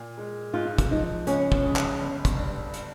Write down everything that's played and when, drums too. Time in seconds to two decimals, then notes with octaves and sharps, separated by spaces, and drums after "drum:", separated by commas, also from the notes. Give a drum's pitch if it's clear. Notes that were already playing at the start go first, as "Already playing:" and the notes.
Already playing: A#2
0.18 G#3
0.54 G#2 F4
0.78 drum: kick, hi-hat
0.91 F3 D#4
1.27 C#2 C#4, drum: hi-hat
1.52 drum: kick
1.63 C#3
1.76 drum: clap
2.01 G1
2.25 drum: kick, hi-hat
2.37 G2
2.74 drum: hi-hat